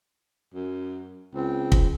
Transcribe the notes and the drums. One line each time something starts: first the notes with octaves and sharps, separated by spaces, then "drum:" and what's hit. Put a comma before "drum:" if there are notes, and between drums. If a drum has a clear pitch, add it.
F#2
C#2 C4
drum: kick